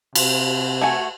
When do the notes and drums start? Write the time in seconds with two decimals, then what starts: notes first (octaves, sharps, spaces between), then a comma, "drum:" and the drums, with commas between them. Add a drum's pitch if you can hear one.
0.15 C3, drum: cymbal
0.81 A3 F#4 G#5